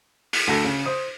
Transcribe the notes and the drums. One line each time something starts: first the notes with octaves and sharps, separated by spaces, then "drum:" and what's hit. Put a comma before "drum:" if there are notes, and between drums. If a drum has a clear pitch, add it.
drum: open hi-hat
D2 A4 A#6
C#3
C5 D#6